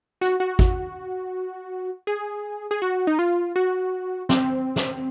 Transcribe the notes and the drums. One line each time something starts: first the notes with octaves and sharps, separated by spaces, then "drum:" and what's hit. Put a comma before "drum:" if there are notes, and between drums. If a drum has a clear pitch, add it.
F#4, drum: hi-hat
F#4
drum: kick G#1
G#4
G#4
F#4
D#4
F4
F#4
C4, drum: snare
drum: snare